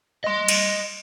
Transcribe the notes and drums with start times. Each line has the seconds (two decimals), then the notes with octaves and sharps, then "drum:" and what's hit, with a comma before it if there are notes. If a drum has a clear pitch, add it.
0.24 D#5 C6
0.48 drum: cymbal